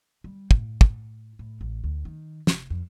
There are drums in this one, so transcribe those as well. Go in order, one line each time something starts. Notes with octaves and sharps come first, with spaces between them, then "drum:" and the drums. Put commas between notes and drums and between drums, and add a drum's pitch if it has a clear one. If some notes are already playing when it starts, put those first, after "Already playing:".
G3
A2, drum: kick
drum: kick
A2
A1
D2
D#3
F1, drum: snare
F2